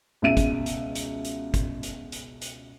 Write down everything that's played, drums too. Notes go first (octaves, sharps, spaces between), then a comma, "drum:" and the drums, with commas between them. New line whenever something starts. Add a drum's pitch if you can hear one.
C#2 B2 E5 D7 D#7
drum: kick, hi-hat
drum: hi-hat
drum: hi-hat
drum: hi-hat
drum: kick, hi-hat
drum: hi-hat
drum: hi-hat
drum: hi-hat